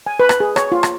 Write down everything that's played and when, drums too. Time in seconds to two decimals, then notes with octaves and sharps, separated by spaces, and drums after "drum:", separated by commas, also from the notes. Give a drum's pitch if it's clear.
0.06 G#5
0.20 B4
0.29 drum: rim click
0.40 G#4
0.56 C#5, drum: rim click
0.72 F4
0.83 drum: rim click